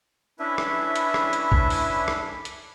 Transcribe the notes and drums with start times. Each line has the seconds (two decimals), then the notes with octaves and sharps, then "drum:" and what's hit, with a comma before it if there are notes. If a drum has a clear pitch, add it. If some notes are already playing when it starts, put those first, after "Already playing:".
0.39 C#4 D4 E4 B4 E5
0.58 drum: rim click
0.96 drum: hi-hat
1.14 drum: rim click
1.33 drum: hi-hat
1.52 drum: kick A#1
1.70 drum: open hi-hat
2.08 drum: rim click
2.45 drum: hi-hat